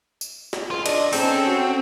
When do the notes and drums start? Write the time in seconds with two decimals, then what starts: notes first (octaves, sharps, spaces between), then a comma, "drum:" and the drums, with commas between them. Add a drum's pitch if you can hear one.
0.21 drum: tambourine
0.53 drum: snare
0.71 C#2 F4
0.86 D4 D#5, drum: cymbal
1.13 G#2 C4 C#4 A4, drum: open hi-hat
1.46 F#4